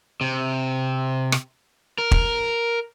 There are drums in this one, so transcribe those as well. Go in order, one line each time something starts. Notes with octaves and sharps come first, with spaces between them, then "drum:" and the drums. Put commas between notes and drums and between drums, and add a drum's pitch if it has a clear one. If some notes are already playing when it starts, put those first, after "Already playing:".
C3
drum: rim click
A#4
drum: kick